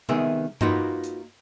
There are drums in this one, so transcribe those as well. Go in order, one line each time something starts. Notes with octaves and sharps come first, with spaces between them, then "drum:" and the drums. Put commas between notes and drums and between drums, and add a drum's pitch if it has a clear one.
C2 D#3 B3 G#4 E5, drum: tom C3
A#3 D#4 F4 F#4 B4, drum: tom G2
drum: hi-hat